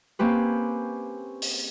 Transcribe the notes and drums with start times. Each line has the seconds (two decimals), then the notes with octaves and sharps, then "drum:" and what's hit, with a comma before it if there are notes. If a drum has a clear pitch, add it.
0.19 A#3 C4 C#4 G4 B4
1.42 drum: open hi-hat